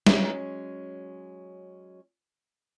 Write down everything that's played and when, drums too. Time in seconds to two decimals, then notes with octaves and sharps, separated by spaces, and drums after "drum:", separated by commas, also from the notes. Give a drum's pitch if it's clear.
0.07 F#3 G#3 C#4, drum: snare